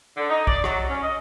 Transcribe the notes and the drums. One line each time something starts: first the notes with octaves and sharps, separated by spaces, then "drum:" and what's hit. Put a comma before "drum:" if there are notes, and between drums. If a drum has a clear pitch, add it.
D3
D#4
D5, drum: kick
F#3, drum: rim click
C#4
D#5